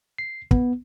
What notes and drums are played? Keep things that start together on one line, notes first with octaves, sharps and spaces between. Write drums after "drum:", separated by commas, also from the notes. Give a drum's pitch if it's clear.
C7
B3, drum: kick